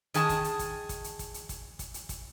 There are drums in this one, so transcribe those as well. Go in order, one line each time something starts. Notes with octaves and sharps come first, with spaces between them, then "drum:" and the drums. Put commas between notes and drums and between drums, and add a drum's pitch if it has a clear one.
D#3 G#4 G#5 A5, drum: hi-hat
drum: kick, hi-hat
drum: hi-hat
drum: kick, hi-hat
drum: kick, hi-hat
drum: hi-hat
drum: kick, hi-hat
drum: hi-hat
drum: kick, hi-hat
drum: kick, hi-hat
drum: hi-hat
drum: kick, hi-hat